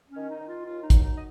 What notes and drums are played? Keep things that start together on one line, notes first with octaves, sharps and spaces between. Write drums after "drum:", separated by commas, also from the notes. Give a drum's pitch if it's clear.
C#4
D#3
D#4
D#3
F4
D#2 F4
D#4
F#3, drum: kick, hi-hat
D#4
D#5